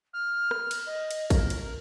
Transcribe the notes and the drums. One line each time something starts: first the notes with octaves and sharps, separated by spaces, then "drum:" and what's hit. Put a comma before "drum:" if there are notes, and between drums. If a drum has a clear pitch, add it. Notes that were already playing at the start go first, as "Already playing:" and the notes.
F6
drum: rim click
drum: cymbal
D#5
drum: cymbal
A#4, drum: kick, cymbal
drum: cymbal